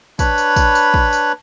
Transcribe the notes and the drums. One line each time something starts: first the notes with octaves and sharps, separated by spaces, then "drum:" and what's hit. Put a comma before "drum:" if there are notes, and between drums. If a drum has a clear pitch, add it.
D4 B4 C#5 B5, drum: kick, tambourine
drum: tambourine
drum: kick, tambourine
drum: tambourine
drum: kick
drum: tambourine